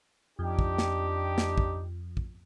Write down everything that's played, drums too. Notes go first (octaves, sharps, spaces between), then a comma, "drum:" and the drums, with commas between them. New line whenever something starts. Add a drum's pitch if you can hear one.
F2 D4 D#4 G4
drum: kick
drum: snare
drum: snare
drum: kick
drum: kick